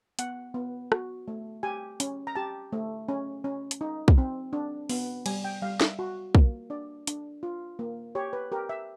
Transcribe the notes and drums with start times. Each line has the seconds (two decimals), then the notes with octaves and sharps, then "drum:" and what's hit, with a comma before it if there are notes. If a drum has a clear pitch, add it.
0.19 B3 F#5, drum: hi-hat
0.54 B3
0.92 F#4, drum: rim click
1.28 A3
1.63 G4 G#5
2.00 C#4, drum: hi-hat
2.27 A#5
2.35 G4 A5
2.73 A3
3.09 C#4
3.44 C#4
3.71 drum: hi-hat
3.81 D#4
4.08 drum: kick
4.18 C4
4.53 D4
4.90 B3, drum: open hi-hat
5.26 G3 G#5, drum: cymbal
5.44 G5
5.62 G3 F5
5.81 E5, drum: snare
5.99 F#4
6.35 A#3, drum: kick
6.70 D4 D5
7.07 D4, drum: hi-hat
7.43 F4
7.79 A#3
8.15 G4 C#5
8.33 B4
8.52 G4 A#4
8.69 E5